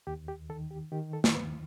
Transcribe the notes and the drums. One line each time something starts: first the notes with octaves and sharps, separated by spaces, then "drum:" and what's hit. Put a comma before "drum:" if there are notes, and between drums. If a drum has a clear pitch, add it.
D#2 G4
G4
D#3 A4
G4
D#3 G4
A4
drum: snare
D#2 B4